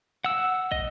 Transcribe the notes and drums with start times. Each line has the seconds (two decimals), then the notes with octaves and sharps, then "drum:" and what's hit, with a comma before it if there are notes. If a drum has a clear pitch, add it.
0.24 F#5 E6
0.72 D#5, drum: kick